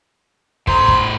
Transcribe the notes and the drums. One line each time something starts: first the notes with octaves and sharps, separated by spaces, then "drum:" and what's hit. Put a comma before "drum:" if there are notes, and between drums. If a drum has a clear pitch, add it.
A2 C5 A#5 C6, drum: kick
drum: kick